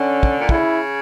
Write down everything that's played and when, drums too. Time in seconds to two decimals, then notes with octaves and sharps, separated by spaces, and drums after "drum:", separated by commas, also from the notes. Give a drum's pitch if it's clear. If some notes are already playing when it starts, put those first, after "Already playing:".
Already playing: D3 C#4
0.23 drum: kick
0.37 A#2
0.49 C#3 E4, drum: kick